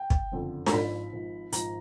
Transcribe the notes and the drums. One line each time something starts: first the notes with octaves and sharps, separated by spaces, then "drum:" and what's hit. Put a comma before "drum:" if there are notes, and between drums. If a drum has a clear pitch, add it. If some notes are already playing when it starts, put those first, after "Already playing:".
Already playing: G5
drum: kick
F#1 F2 D3
A#5, drum: snare D4
G#1 G#2 F3 B5
G#1 G#2 F3
G#1 G#2 F3 A#5, drum: hi-hat